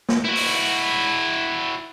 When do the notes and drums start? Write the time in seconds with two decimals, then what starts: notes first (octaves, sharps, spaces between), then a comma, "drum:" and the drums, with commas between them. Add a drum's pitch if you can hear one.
0.09 drum: snare
0.24 E4 F#4
0.36 drum: open hi-hat